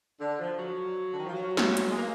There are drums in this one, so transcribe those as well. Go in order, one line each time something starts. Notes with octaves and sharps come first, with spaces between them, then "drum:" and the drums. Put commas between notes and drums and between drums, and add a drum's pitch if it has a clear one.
D3
F3
F#3
D3
D#3
F3
F#3
drum: snare
drum: hi-hat
G#3
A#3